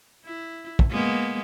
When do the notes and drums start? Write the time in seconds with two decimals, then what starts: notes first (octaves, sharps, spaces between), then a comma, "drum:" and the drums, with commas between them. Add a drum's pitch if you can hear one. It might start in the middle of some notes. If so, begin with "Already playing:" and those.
0.25 E4
0.79 drum: kick
0.90 G#3 A#3 B3